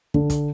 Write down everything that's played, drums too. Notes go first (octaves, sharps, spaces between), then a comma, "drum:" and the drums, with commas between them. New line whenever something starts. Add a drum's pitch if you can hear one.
D3, drum: kick
drum: kick, hi-hat